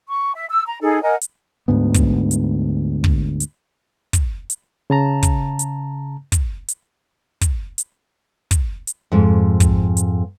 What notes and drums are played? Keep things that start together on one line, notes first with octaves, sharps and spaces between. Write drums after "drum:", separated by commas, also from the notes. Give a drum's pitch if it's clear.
C#6
E5
E6
A#5
D#4 G#4 A4
A#4 D#5 F#5 G#5
drum: hi-hat
D2 G#2 D3 B3
drum: kick, hi-hat
drum: hi-hat
drum: kick
drum: hi-hat
drum: kick, hi-hat
drum: hi-hat
C#3 A5 A#5
drum: kick, hi-hat
drum: hi-hat
drum: kick, hi-hat
drum: hi-hat
drum: kick, hi-hat
drum: hi-hat
drum: kick, hi-hat
drum: hi-hat
F2 G#2
drum: kick, hi-hat
drum: hi-hat